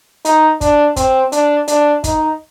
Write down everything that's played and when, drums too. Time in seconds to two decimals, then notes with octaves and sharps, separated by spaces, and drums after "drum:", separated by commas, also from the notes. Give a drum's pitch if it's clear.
0.25 D#4, drum: hi-hat
0.61 D4, drum: kick, hi-hat
0.96 C4, drum: kick, hi-hat
1.32 D4, drum: hi-hat
1.68 D4, drum: hi-hat
2.04 D#4, drum: kick, hi-hat